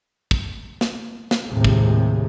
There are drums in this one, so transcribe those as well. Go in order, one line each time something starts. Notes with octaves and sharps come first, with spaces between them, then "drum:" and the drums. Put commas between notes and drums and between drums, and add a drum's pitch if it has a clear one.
drum: kick
drum: snare
drum: snare
D#2 A2 C3 G#3
drum: kick